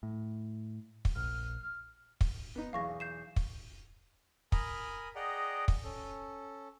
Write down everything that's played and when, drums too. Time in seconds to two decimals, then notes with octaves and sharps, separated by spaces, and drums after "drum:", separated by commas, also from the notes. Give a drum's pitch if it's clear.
0.03 A2
1.05 drum: kick
1.16 A#1 F6
2.21 drum: kick
2.55 B3 D#4
2.73 B1 E2 G#4 F5 C#6 A#6
3.00 G6 C7 E7
3.36 drum: kick
4.52 A#4 G#5 A#5 B5 D#6, drum: kick
5.15 G#4 D5 D#5 F#5 G5 A#5
5.68 drum: kick
5.83 C#4 A4